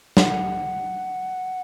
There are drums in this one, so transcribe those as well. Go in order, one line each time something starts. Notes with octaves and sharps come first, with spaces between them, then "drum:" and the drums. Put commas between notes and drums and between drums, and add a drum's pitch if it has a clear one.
F#5, drum: snare